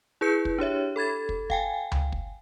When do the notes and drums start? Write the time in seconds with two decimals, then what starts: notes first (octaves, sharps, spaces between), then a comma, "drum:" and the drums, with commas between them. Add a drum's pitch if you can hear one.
0.21 E4 G#4 B4 G6 C#7
0.45 drum: kick
0.58 D4 G4 C#5 E5
0.96 A4 B5 G#6 A6
1.29 drum: kick
1.50 F5 G5 G#5, drum: kick
1.92 drum: tom C#2
2.12 drum: kick